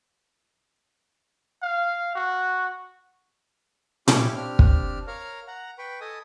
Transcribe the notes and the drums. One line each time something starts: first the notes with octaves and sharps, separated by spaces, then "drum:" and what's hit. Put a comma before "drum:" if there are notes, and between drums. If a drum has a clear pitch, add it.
F5
F#4
C#4 E4 G4 F5 C#6 D6, drum: tom A#2
C4 D4 G4 F6
drum: kick
A#4 C#5 F5 A#5 F6
F#5 A#5
B4 G5 B5 C#6
A4 D#5 G#5 A5 D#6